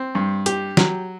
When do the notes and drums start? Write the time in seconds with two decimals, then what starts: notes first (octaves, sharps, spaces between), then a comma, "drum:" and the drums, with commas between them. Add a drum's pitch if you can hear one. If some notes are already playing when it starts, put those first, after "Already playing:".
Already playing: C4
0.15 G2
0.46 G4, drum: hi-hat
0.77 F#3, drum: snare E3